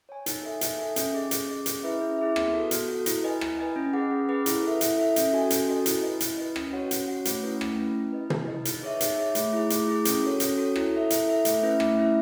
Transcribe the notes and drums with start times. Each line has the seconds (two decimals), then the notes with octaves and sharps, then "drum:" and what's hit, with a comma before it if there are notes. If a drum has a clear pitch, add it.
0.09 C#5 G#5
0.26 D#4, drum: hi-hat
0.43 A4 E5 G#5
0.61 D#4, drum: hi-hat
0.79 A4 E5 G#5
0.96 C#4, drum: hi-hat
1.14 G#4 D#5
1.31 C#4, drum: hi-hat
1.48 G#4 D#5
1.66 C#4, drum: hi-hat
1.83 E4 G#4 B4 E5
2.01 C#4
2.18 E4 G#4 B4 E5
2.36 B3, drum: rim click
2.53 F#4 A4
2.71 B3, drum: hi-hat
2.88 F#4 A4
3.06 E4, drum: hi-hat
3.24 B4 D#5 G#5
3.41 E4, drum: rim click
3.59 B4 D#5 G#5
3.76 C#4
3.93 G#4 B4 F#5
4.11 C#4
4.29 G#4 B4 F#5
4.46 E4, drum: hi-hat
4.63 A4 E5
4.81 E4, drum: hi-hat
4.98 A4 E5
5.16 C#4, drum: hi-hat
5.33 F#4 A4 D#5 G#5
5.50 C#4, drum: hi-hat
5.68 F#4 A4 D#5 G#5
5.86 E4, drum: hi-hat
6.03 B4 D#5
6.20 E4, drum: hi-hat
6.38 B4 D#5
6.56 C#4, drum: rim click
6.73 F#4 C#5 F#5
6.91 C#4, drum: hi-hat
7.08 F#4 C#5 F#5
7.25 A3, drum: hi-hat
7.43 C#4 E4 B4
7.61 A3, drum: rim click
7.78 C#4 E4 B4
7.96 E4
8.13 B4 D#5
8.30 E4, drum: tom
8.48 B4 D#5
8.65 D#4, drum: hi-hat
8.83 G#4 C#5 E5
9.01 D#4, drum: hi-hat
9.18 G#4 C#5 E5
9.35 A3, drum: hi-hat
9.53 E4 G#4
9.70 A3, drum: hi-hat
9.88 E4 G#4
10.05 C#4, drum: hi-hat
10.23 F#4 A4 C#5
10.40 C#4, drum: hi-hat
10.58 F#4 A4 C#5
10.76 E4, drum: rim click
10.93 A4 E5
11.10 E4, drum: hi-hat
11.28 A4 E5
11.45 A3, drum: hi-hat
11.63 C#4 E4 B4 E5
11.80 A3, drum: rim click
11.97 C#4 E4 B4 E5